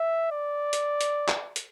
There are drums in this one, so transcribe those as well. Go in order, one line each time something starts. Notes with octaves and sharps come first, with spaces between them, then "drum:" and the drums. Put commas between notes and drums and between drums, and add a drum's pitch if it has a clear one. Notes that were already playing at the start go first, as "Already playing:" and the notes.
Already playing: E5
D5
drum: hi-hat
drum: hi-hat
drum: clap
drum: hi-hat